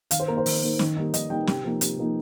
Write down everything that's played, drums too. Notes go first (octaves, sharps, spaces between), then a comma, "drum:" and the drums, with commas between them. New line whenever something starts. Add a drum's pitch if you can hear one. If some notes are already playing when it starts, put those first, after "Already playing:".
D#3 F5, drum: hi-hat
C5
A#3 D#4 A#4
C5
D#3, drum: open hi-hat
A#3 D#4
D#3, drum: snare
G3 A#3 D#4
D#3 D#5, drum: hi-hat
G3 A#3 D#4 G5
C3 G5, drum: snare
F3 A#3 D#4
C3, drum: hi-hat
F3 A#3 D#4